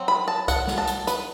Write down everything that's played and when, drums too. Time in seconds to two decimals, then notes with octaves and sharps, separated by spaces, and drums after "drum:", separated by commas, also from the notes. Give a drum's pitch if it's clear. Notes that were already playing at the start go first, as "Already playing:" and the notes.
Already playing: F#3 C4
0.08 B5
0.28 A5
0.48 F#5, drum: kick C2, hi-hat
0.67 drum: snare
0.78 A5
0.87 drum: hi-hat
1.07 B4, drum: hi-hat